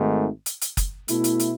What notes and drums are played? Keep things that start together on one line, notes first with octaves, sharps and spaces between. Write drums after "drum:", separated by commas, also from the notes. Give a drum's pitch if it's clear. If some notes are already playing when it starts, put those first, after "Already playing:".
Already playing: G#1 G#2 D#3 A3
drum: hi-hat
drum: hi-hat
drum: kick F#1, hi-hat
B2 A3 E4, drum: hi-hat
drum: hi-hat
drum: hi-hat